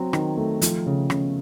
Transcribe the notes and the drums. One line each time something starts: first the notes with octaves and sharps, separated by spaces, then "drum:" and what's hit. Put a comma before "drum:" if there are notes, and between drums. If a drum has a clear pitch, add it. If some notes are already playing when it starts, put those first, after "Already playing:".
Already playing: F#3 C4
D#3, drum: rim click
A3
F3, drum: hi-hat
C#3
C#3, drum: rim click